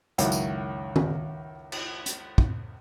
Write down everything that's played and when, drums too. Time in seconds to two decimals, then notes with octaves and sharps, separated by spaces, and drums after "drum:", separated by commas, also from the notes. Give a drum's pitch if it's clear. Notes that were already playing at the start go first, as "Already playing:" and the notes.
0.18 C#2 F#2 D#3 E4 F#4, drum: hi-hat
0.32 drum: tambourine
0.96 drum: tom
1.72 drum: cymbal
2.06 drum: hi-hat
2.38 drum: kick